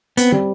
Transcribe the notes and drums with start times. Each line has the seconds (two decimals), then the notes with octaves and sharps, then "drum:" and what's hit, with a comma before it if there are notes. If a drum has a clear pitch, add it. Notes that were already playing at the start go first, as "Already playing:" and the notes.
0.17 B3 C4, drum: hi-hat
0.32 G3